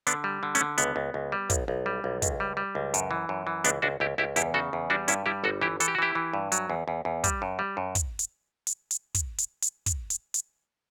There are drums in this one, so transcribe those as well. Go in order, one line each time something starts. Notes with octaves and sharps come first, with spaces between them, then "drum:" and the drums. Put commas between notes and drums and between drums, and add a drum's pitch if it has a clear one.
D3 B3 D4, drum: hi-hat
G3
D3
A3 C#4, drum: hi-hat
D3
C#2 B3, drum: hi-hat
C#2
C#2
G3
B1, drum: kick, hi-hat
B1
G3
B1
C#2, drum: kick, hi-hat
G3
G3
C#2
F#2, drum: hi-hat
E3
F#2
E3
C#2 B3 D4, drum: hi-hat
C#2 D4 F#4
C#2 E4 G4
C#2 E4 G4
E2 E4 G4, drum: hi-hat
C#3 F#4 A4
E2
G3 D4 F#4
G2 C#4 E4, drum: hi-hat
G3 E4 G4
G1 F#4 A4
E3 E4 G4
E3 A4, drum: hi-hat
G4
F#4
E3 E4 G4
E3
G2
F#3, drum: hi-hat
E2
E2
E2
G3, drum: kick, hi-hat
F#2
G3
F#2
drum: kick, hi-hat
drum: hi-hat
drum: hi-hat
drum: hi-hat
drum: kick, hi-hat
drum: hi-hat
drum: hi-hat
drum: kick, hi-hat
drum: hi-hat
drum: hi-hat